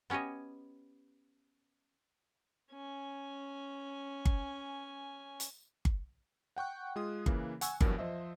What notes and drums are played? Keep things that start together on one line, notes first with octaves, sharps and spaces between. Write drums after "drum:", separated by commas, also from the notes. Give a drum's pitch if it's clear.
B3 C#4 G4 C#5 D#5
C#4 G#5
drum: kick G1
drum: hi-hat
drum: kick G1
F#5 G5 C#6 F#6
G#3 F4 G#4 D#6
C#3 E3 A#3, drum: kick G1
F#5 G#5 C#6 E6, drum: hi-hat
A#1 E2 G2 F#3 A#4, drum: kick G1
F3 C5 D#5 E5